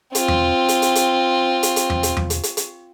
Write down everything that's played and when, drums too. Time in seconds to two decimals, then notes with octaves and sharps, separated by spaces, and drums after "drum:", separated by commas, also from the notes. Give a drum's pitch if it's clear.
0.15 C4 F4, drum: hi-hat
0.28 drum: tom E2
0.69 drum: hi-hat
0.82 drum: hi-hat
0.95 drum: hi-hat
1.63 drum: hi-hat
1.76 drum: hi-hat
1.90 drum: tom E2
2.03 drum: hi-hat
2.17 drum: tom E2
2.30 drum: hi-hat
2.43 drum: hi-hat
2.57 drum: hi-hat